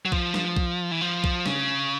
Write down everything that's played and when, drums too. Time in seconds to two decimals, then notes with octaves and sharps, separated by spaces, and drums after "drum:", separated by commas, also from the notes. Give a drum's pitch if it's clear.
0.05 F#3
0.12 F3, drum: kick B1
0.34 drum: snare
0.57 drum: kick B1
0.91 E3
1.02 F3
1.24 drum: kick B1
1.46 C#3, drum: snare